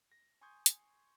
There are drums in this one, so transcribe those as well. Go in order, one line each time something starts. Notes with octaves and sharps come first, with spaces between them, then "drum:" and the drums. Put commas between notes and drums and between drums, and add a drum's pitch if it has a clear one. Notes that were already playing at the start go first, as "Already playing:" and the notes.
A#6
G#5 C6 C#6 D#6 G6 G#6
drum: hi-hat